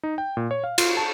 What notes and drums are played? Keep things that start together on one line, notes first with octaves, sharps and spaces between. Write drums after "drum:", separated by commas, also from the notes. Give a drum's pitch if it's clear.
D#4
G5
A#2
C#5
F5
F4, drum: cymbal
A5